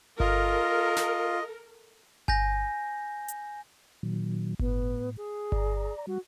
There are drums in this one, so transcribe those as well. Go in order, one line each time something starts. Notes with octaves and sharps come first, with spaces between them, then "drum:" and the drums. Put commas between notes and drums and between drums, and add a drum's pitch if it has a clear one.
F4 A4 A#4 D#5, drum: kick G1
drum: snare
G#5 G6 A#6, drum: kick G1
drum: hi-hat
A#2 D#3 F#3
A2 B3, drum: kick G1
G#4
D5 A#5, drum: kick G1
G3 F#4